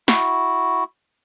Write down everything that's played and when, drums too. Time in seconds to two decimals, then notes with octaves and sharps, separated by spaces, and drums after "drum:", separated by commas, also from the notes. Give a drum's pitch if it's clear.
0.08 E4 F#4, drum: snare